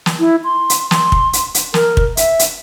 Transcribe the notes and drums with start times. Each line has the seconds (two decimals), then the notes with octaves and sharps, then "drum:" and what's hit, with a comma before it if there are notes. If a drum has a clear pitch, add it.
0.06 drum: snare
0.20 E4
0.44 C6
0.70 drum: hi-hat
0.91 C6, drum: snare
1.12 drum: kick
1.33 drum: hi-hat
1.54 drum: hi-hat
1.74 A#4, drum: snare
1.97 drum: kick
2.17 E5, drum: hi-hat
2.39 drum: hi-hat